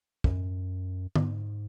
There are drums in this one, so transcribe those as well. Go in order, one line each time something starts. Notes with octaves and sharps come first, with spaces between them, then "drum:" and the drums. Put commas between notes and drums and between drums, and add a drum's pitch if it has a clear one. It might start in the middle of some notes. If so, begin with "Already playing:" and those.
F#2, drum: kick
G#2, drum: tom D3